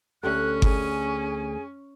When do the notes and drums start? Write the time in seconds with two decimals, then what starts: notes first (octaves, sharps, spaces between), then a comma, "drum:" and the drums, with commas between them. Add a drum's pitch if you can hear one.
0.23 D2 C#4 G4 A4 F#6
0.62 G#4 G#5, drum: kick G1